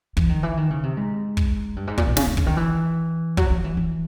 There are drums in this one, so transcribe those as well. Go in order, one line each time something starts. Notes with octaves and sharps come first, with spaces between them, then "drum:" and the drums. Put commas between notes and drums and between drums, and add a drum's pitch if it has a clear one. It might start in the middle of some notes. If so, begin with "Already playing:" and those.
E3, drum: kick
D#3
E3
D#3
C#3
C3
G#2
drum: kick
G2
G#2
A#2, drum: kick
B2
C#3, drum: snare
C#3
D3, drum: kick
D#3
E3
F#3, drum: kick
F3
E3
E3